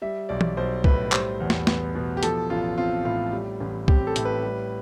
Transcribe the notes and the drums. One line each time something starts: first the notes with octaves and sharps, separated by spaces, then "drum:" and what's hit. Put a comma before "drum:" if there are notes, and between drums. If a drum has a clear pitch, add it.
G3 E5
B1 D5
drum: tom
B1 C5
A2 B4, drum: kick
G3 C5, drum: clap
E2
drum: snare
B3, drum: snare
B2
G4
F3 A4, drum: hi-hat
A1 F4
C4 F4
A2 F4
G3
A1
C4 G4, drum: kick
A4
A2, drum: hi-hat
B4
G3